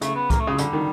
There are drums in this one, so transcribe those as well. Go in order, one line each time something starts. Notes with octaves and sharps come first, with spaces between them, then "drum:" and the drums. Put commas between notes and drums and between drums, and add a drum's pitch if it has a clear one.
C#3 A3, drum: hi-hat
B3
A#3, drum: kick C2, hi-hat
A3
C#3 G#3
D3 G3, drum: hi-hat
D#3